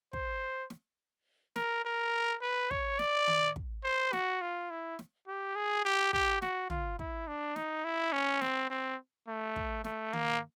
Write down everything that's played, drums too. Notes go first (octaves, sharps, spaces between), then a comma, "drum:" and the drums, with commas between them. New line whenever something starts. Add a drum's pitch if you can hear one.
C5, drum: kick
drum: snare
A#4, drum: snare
A#4
B4
C#5, drum: kick
D5, drum: snare
drum: tom D#3
drum: kick
C5
F#4, drum: snare
F4
E4
drum: snare
G4
G#4
G4
G4, drum: kick
F#4, drum: snare
F4, drum: tom
E4, drum: kick
D4
D#4, drum: snare
E4
C#4
C4, drum: snare
C4
A3
drum: kick
A3, drum: snare
A#3, drum: tom D#3